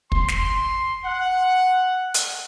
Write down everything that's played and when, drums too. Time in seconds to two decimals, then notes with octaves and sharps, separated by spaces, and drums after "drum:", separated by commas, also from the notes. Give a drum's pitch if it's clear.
0.12 C6, drum: kick
0.28 drum: snare
1.05 F#5
2.14 drum: hi-hat